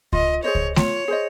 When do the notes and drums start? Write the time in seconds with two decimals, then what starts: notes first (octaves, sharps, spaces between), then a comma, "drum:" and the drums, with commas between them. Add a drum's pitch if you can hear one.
0.13 F4 D#5, drum: kick C#2
0.44 G#4 C5 C#5 D#5
0.55 drum: kick C#2
0.76 F4 C#5, drum: snare A3
1.08 G#4 C5 D#5